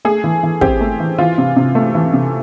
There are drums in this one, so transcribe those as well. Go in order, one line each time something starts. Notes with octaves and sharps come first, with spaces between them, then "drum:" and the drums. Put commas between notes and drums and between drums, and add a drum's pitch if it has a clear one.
A3 G#4
E3
E3
C4 G4, drum: kick
A3
E3
E3 F4
C3
C3
A3
E3
C3